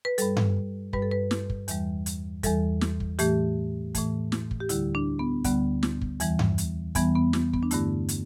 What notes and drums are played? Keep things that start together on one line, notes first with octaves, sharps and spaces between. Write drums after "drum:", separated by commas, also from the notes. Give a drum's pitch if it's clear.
B4
G2 G3 A4, drum: hi-hat
drum: tom G2
G2 G3 B4, drum: kick
A4
B4
drum: snare
drum: kick
E2 E3 G3, drum: hi-hat
drum: hi-hat
E2 E3 G3 A4, drum: kick, hi-hat
drum: snare
drum: kick
A2 E3 A3 G4, drum: hi-hat
A2 E3 A3, drum: kick, hi-hat
drum: snare
drum: kick
G4
D2 D3 G3 E4, drum: hi-hat
D4
B3
D2 D3 G3 B3, drum: kick, hi-hat
drum: snare
drum: kick
E2 E3 G3, drum: hi-hat
drum: tom G2
drum: hi-hat
E2 E3 G3 B3, drum: kick, hi-hat
B3
drum: snare
B3, drum: kick
D4
G2 D3 A3 E4, drum: hi-hat
drum: hi-hat